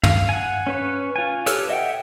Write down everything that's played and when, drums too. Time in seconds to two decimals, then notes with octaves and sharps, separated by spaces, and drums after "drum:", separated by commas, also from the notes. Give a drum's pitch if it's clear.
0.03 F5, drum: tom
0.29 F#5 G#5
0.67 C#4 B4 C#5
1.16 F4 G#5
1.46 G4 A4 B4 C#5 F6, drum: hi-hat
1.69 D#5 E5 F#5 G5